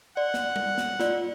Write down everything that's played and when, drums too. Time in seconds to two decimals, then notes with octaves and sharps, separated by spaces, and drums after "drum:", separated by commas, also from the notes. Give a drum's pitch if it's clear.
0.17 D5 F#5
0.34 drum: snare
0.56 drum: tom G3
0.78 drum: snare
1.00 F4 D5, drum: snare